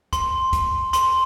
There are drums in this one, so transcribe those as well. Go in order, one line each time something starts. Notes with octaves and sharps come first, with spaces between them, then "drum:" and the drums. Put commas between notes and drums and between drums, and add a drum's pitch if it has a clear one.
C6, drum: kick, hi-hat
drum: kick, hi-hat
C6, drum: hi-hat